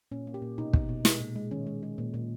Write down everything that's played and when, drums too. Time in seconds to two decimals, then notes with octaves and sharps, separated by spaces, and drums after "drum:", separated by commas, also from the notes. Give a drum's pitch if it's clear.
0.12 A#2 C#4
0.27 A#3
0.34 G4
0.42 A#2
0.58 B2 D#4
0.73 B2, drum: kick
0.89 B2
1.05 G#3, drum: snare
1.21 A#2
1.36 G#3
1.51 D#3 C#4
1.67 G#3
1.83 G#3
1.98 A#2
2.14 A#2